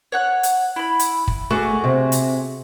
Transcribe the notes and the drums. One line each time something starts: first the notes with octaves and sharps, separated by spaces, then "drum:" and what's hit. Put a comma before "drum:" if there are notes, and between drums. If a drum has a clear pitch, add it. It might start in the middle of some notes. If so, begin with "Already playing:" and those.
C#5 F#5 F#6
drum: hi-hat
E4 B5
drum: hi-hat
drum: kick
A3 F#4 G#4 D6
C3
drum: hi-hat